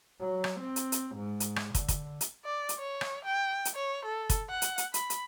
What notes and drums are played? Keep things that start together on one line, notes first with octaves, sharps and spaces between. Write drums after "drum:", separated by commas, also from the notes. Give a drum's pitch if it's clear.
F#3
drum: rim click
C4
drum: hi-hat
drum: hi-hat
G#2
drum: hi-hat
drum: rim click
D3, drum: kick, hi-hat
drum: kick, hi-hat
drum: hi-hat
D5
drum: hi-hat
C#5
drum: rim click
G5
drum: hi-hat
C#5
A4
drum: kick, hi-hat
F#5
drum: hi-hat
drum: hi-hat
B5, drum: hi-hat
drum: hi-hat